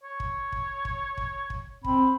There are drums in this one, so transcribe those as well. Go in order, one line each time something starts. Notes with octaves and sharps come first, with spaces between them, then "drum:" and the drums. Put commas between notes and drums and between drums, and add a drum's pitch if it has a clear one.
C#5
drum: kick
drum: kick
drum: kick
drum: kick
drum: kick
C4 B5, drum: kick